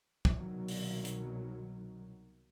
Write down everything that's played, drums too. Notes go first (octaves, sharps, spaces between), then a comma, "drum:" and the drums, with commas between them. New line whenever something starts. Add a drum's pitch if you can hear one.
drum: kick
C2 B2 D#3 F#3
drum: open hi-hat
drum: hi-hat